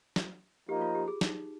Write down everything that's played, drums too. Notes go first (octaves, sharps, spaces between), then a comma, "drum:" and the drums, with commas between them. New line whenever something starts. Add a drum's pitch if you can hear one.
drum: snare
F3 A#3 D#4 G4
F4
G4
G#4
D#4, drum: snare